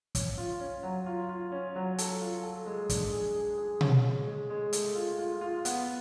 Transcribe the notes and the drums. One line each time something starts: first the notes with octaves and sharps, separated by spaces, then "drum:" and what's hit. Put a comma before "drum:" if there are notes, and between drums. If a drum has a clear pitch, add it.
C#4, drum: kick, hi-hat
F4
C#4
F#3
F4
F4
C#4
F#3
A4, drum: hi-hat
F4
A4
G#3
D4, drum: kick, hi-hat
G#4
G#4
G#4
C#4, drum: tom B2
G#3
G#3
G#3
A3, drum: hi-hat
F4
F4
F4
B3, drum: hi-hat